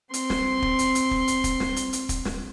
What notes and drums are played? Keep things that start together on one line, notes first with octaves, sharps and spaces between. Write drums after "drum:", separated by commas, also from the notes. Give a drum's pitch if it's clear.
C4 C6, drum: hi-hat
drum: snare
drum: kick
drum: hi-hat
drum: hi-hat
drum: kick
drum: hi-hat
drum: kick, hi-hat
drum: snare
drum: hi-hat
drum: hi-hat
drum: kick, hi-hat
drum: snare